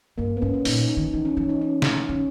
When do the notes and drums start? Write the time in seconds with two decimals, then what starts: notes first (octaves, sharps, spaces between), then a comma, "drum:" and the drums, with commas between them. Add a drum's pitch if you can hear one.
0.18 G2 A#3
0.37 B3
0.42 G#2 C#4
0.54 C#4
0.65 A#2 D#4, drum: open hi-hat
0.89 D#4
0.97 D#3
1.13 E3 D#4
1.25 C#4
1.37 E3 C#4
1.49 D#4
1.61 C#4
1.82 drum: snare
2.09 D#3 C#4